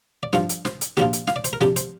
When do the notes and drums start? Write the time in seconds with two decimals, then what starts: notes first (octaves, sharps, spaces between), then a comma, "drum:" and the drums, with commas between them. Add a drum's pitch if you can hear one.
0.23 D5
0.33 G2 F3 D4 F4 C5, drum: snare
0.49 drum: hi-hat
0.65 C5, drum: snare
0.81 drum: hi-hat
0.97 A#1 A#2 F3 D4 F4 G4, drum: snare
1.13 drum: hi-hat
1.27 F5, drum: snare
1.36 D5
1.44 C5, drum: hi-hat
1.53 A#4
1.61 C3 F3 D4 G4, drum: snare
1.76 C5, drum: hi-hat